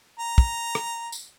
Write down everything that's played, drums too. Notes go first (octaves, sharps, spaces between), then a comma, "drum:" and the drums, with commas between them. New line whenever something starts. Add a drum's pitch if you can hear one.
A#5
drum: kick
drum: rim click
drum: tambourine